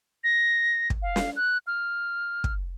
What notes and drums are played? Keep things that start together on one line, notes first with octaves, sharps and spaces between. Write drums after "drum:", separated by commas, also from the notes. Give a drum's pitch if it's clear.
A#6
drum: kick
F5
drum: snare
F#6
F6
drum: kick